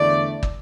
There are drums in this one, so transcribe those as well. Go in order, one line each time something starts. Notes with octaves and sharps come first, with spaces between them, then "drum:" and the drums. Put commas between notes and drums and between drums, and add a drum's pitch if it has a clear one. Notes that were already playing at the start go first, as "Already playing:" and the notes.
Already playing: E2 D3 A3 E4 D5
drum: kick